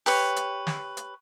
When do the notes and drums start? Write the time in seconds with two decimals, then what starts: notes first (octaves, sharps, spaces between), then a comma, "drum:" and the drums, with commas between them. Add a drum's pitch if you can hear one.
0.06 G4 B4 C#5, drum: open hi-hat
0.36 drum: hi-hat
0.67 drum: snare
0.97 drum: hi-hat